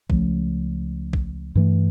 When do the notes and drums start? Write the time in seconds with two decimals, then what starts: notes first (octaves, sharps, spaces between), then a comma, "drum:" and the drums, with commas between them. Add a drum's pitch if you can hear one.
0.10 C#2 C#3 F3 A3, drum: kick
1.13 drum: kick
1.55 G2 E3 A3